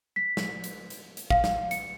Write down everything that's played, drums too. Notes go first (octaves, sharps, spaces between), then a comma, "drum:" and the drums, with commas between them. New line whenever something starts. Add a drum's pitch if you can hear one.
B6
drum: snare
drum: hi-hat
drum: hi-hat
drum: hi-hat
F5, drum: kick
drum: snare
C#7, drum: hi-hat